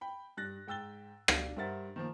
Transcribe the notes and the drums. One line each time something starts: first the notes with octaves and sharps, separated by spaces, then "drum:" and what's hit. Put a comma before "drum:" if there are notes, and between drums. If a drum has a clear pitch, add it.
G5 B5
G2 F#6 A6 A#6
G#2 G5 E6 A6 G7
D4 G4 F5, drum: rim click
G2 A#4 C5 E5 F#5 A6
D#3 F3 A#3